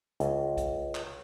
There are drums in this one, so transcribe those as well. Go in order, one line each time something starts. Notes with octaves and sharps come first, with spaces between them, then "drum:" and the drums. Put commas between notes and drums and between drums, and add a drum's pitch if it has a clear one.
C#2, drum: hi-hat
drum: kick, hi-hat
drum: clap